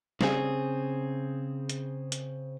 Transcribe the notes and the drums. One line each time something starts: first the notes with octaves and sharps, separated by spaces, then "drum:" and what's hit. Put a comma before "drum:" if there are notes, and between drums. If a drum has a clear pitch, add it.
C#3 C4 G#4, drum: snare
drum: hi-hat
drum: hi-hat